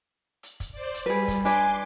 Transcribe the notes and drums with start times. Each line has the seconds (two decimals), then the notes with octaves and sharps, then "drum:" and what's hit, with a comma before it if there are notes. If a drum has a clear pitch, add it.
0.43 drum: hi-hat
0.60 drum: kick, hi-hat
0.72 C5 D5
0.94 drum: hi-hat
1.06 G3 G#4 B4
1.28 drum: kick, hi-hat
1.45 D4 B4 G#5 C6 D6, drum: hi-hat